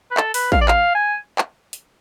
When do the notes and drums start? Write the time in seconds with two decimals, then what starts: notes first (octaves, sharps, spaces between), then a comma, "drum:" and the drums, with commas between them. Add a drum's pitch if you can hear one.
0.11 B4
0.17 A4, drum: clap
0.34 B4, drum: open hi-hat
0.52 F5, drum: kick A1
0.61 D5
0.68 F5, drum: clap
0.95 G#5
1.38 drum: clap
1.73 drum: hi-hat